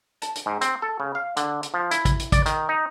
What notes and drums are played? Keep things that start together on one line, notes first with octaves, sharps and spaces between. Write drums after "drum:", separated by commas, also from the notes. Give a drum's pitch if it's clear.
A5, drum: hi-hat
drum: hi-hat
G#2
C4, drum: hi-hat
A4
C#3
F5
D3, drum: hi-hat
drum: hi-hat
F3
E4, drum: hi-hat
drum: kick, hi-hat
drum: hi-hat
D5, drum: kick, hi-hat
D#3, drum: hi-hat
D#4